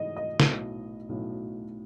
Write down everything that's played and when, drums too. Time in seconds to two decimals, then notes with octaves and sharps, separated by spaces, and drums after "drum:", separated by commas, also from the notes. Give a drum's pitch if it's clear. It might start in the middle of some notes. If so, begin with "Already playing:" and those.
Already playing: G#2 E3 A3 D#5
0.17 D#5
0.40 B1 A2 F#3, drum: snare
1.09 B1 A2 F#3